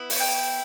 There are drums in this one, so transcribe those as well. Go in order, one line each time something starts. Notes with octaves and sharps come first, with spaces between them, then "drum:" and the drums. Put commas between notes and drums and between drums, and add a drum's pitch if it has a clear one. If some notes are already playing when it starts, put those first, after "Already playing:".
Already playing: B3 E4
drum: open hi-hat
G5